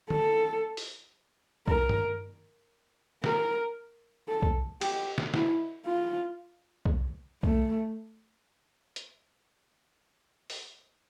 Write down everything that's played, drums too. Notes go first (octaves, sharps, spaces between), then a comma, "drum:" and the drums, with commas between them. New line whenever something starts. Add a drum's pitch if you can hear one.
A4, drum: tom D3
drum: open hi-hat
A#4, drum: kick
drum: tom G2
A#4, drum: snare
A4
drum: kick
G4, drum: cymbal
drum: snare
E4, drum: snare
F4
drum: kick
A3, drum: kick
drum: hi-hat
drum: open hi-hat